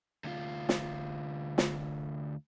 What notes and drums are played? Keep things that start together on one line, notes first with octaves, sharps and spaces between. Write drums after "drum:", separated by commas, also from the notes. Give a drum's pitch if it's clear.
D2 F4
drum: snare
drum: snare